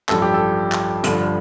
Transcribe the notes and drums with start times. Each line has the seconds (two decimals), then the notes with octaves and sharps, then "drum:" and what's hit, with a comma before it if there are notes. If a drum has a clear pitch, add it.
0.09 A1 G2 F3 A4, drum: clap
0.22 G4
0.34 A4
0.72 drum: clap
1.04 G1 G2 D3 F3, drum: hi-hat